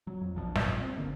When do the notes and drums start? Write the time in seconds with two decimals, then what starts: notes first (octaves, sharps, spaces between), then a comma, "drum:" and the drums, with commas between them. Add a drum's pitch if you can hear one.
0.07 F#3
0.21 F2
0.35 B1 F3 F#3 D4
0.56 A#2 G3, drum: snare
0.81 C4
0.97 G1 D3 A#3